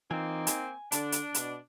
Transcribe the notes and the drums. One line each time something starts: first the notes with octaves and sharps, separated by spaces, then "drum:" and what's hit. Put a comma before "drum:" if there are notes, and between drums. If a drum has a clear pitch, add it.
E3 A#3 C4 D#4 F4 G#5
G#5, drum: hi-hat
D3 D4 A5, drum: hi-hat
drum: hi-hat
B2, drum: hi-hat